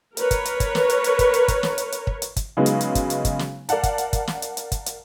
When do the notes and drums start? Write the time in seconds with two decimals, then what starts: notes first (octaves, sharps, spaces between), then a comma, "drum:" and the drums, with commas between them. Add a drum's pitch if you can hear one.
0.17 A#4 B4 C#5, drum: hi-hat
0.31 drum: kick, hi-hat
0.45 drum: hi-hat
0.60 drum: kick, hi-hat
0.75 drum: snare
0.90 drum: hi-hat
1.04 drum: hi-hat
1.19 drum: kick, hi-hat
1.34 drum: hi-hat
1.48 drum: kick, hi-hat
1.63 drum: snare
1.78 drum: hi-hat
1.92 drum: hi-hat
2.07 drum: kick
2.22 drum: hi-hat
2.36 drum: kick, hi-hat
2.57 C#3 F#3 G#3 B3 D#4
2.66 drum: hi-hat
2.81 drum: hi-hat
2.95 drum: kick, hi-hat
3.10 drum: hi-hat
3.25 drum: kick, hi-hat
3.39 drum: snare
3.69 A#4 D5 F5 F#5 A5, drum: hi-hat
3.83 drum: kick, hi-hat
3.98 drum: hi-hat
4.13 drum: kick, hi-hat
4.28 drum: snare
4.42 drum: hi-hat
4.57 drum: hi-hat
4.72 drum: kick, hi-hat
4.86 drum: hi-hat